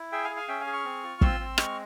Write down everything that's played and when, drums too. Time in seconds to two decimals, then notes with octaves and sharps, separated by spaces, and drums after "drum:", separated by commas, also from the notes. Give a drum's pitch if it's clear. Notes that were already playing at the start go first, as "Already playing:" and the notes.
Already playing: E4
0.12 G#4 E5 G5
0.24 F5 G#5
0.30 G#4
0.36 F5 G#5
0.48 C#4 E5 G5
0.61 F5 G#5
0.67 G#4
0.73 C#6 F6
0.85 C4
1.03 F4
1.21 C4 C6 E6, drum: kick
1.40 C4
1.58 G#3 C#6 F6, drum: rim click